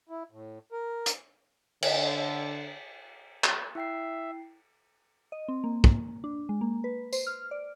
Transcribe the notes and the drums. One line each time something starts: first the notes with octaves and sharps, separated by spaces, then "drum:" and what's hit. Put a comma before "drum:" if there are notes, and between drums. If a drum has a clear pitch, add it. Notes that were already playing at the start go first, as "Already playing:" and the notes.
E4
A2
A#4
drum: hi-hat
D3, drum: cymbal
drum: clap
E4 E5 G5 C7
D#5
C4
A#3
drum: kick
D4
G#3
A#3
B4
C5, drum: tambourine
F6
D5